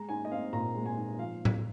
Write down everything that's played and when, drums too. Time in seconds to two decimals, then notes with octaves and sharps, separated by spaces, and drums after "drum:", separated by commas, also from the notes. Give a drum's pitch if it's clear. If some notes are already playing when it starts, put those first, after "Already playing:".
Already playing: G#3 A#5
0.09 D#4 G#5
0.25 D#5
0.31 C4 F5
0.53 A#2 A#5
0.75 G#3
0.86 G#5
0.97 D#4
1.19 F3 F5
1.45 drum: tom A2